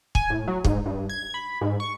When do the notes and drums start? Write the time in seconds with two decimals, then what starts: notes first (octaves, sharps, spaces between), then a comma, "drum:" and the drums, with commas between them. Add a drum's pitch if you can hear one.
0.15 G#5, drum: kick
0.30 A2
0.48 F#3
0.65 G#2, drum: kick
0.86 G2
1.09 G#6
1.34 B5
1.61 G#2
1.80 C#6